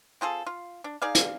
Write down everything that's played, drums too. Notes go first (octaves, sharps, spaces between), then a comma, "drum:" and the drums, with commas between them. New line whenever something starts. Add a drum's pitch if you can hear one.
C4 F4 G#4 A4
F4
D4
D#4 G#4 D5 F5
drum: hi-hat